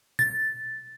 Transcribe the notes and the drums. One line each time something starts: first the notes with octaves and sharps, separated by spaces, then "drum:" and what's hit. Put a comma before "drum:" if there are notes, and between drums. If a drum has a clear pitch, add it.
A6, drum: tom A#2